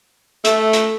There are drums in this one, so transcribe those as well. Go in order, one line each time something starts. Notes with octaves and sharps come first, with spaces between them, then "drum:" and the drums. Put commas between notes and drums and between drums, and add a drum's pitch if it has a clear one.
A3, drum: hi-hat
drum: hi-hat